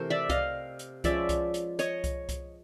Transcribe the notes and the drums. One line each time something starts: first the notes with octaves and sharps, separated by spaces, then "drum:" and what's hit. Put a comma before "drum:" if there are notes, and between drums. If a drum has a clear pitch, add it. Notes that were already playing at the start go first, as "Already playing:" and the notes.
Already playing: C3 E3 A3 A#4 C5
D5 E5
D#5 F5, drum: kick C2, hi-hat
drum: hi-hat
F3 G#3 C#4 D5 E5, drum: kick C2, hi-hat
drum: kick C2, hi-hat
drum: hi-hat
C#5 D#5, drum: hi-hat
drum: kick C2, hi-hat
drum: kick C2, hi-hat